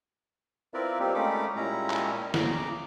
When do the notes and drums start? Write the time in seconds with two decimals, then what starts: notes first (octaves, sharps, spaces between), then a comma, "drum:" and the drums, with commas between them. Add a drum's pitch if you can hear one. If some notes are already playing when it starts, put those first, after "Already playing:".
0.74 C4 E4 F4 A#4 B4 D5
1.00 G3 A#3 C4 D#4 F4 G4
1.14 G#3 A3 C#4 D#4 B5 D6
1.56 A#2 G3 G#3 C#4 E4 A#5
1.90 drum: clap
2.34 C#3 A#5 D6, drum: snare